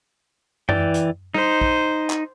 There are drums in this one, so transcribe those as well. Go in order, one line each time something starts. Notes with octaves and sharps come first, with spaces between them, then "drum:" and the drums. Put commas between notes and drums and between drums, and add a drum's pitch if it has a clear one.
E3 D5 G5, drum: tom F#2
drum: hi-hat
D#4 C5, drum: tom G3
drum: kick
drum: clap